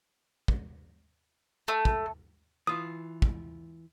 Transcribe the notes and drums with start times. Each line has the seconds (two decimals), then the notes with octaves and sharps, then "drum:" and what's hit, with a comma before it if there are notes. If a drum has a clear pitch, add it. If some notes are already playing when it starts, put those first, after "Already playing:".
0.48 drum: kick
1.68 A3
1.85 drum: kick
2.67 E3 F4 D#6
3.22 drum: kick